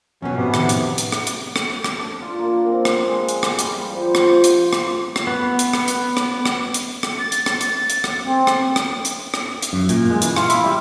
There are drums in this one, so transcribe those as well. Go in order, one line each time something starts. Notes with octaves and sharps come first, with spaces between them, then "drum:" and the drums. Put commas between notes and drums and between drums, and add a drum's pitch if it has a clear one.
F2 B2 F#3 C#4
A2 C3 B3
D#3, drum: rim click
drum: hi-hat
drum: hi-hat
drum: rim click
drum: hi-hat
drum: rim click
drum: rim click
D4
F4
A#3
C4
drum: rim click
G#3
drum: hi-hat
drum: rim click
G3, drum: hi-hat
B4
F3
C5
F3, drum: rim click
drum: hi-hat
drum: rim click
drum: rim click
B3
drum: hi-hat
drum: rim click
drum: hi-hat
drum: rim click
drum: rim click
drum: hi-hat
drum: rim click
A6
drum: hi-hat
drum: rim click
drum: hi-hat
drum: hi-hat
drum: rim click
C4
drum: rim click
drum: rim click
drum: hi-hat
drum: rim click
drum: hi-hat
F#2
A#2, drum: hi-hat
G#3
E3, drum: hi-hat
F4, drum: rim click
E4, drum: hi-hat
G3